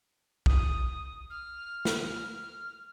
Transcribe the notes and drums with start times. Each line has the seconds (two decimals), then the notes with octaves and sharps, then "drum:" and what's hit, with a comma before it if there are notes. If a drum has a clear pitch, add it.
0.46 D#6, drum: kick
1.30 F6
1.85 drum: snare